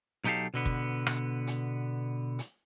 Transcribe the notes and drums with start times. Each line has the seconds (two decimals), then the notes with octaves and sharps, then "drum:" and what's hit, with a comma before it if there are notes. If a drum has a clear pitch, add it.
0.24 B1 F#3 D#4 G4 A4 F5
0.54 B2 D3 B3
0.66 drum: kick
1.06 drum: rim click
1.47 drum: hi-hat
2.39 drum: hi-hat